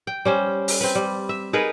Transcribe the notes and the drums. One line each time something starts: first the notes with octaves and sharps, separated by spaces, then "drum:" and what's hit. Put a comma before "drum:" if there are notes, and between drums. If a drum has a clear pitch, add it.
G5
G3 C#4 C5
drum: open hi-hat
C4 B4
G3
E5
D#4 G#4 A#4 B4